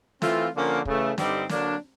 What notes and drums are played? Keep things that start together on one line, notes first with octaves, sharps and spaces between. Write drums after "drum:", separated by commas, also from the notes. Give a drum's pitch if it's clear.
E3 A3 C4 F4, drum: snare
D3 F3 A#3 C#4
C#3 E3 A3, drum: kick
G2 D3 G3 C4 D#4, drum: snare
D3 F#3 A#3 D4, drum: snare